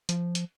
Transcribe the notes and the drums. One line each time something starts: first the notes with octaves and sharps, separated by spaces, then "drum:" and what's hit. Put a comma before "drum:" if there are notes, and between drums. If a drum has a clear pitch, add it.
F3, drum: hi-hat
drum: hi-hat